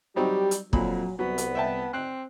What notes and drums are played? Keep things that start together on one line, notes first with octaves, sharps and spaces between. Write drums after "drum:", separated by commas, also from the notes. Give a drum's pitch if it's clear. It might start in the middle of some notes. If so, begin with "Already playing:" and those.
F#3 G3 C4 D#4 G4
drum: hi-hat
F2 A#2 F#3 B5, drum: kick
C2 F#3 B3
drum: hi-hat
E5 G5 A5
C4 F#6